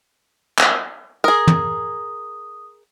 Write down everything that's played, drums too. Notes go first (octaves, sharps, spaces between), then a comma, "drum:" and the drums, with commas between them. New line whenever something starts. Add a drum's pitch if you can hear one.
drum: clap
G#4 A#4 D#6
drum: tom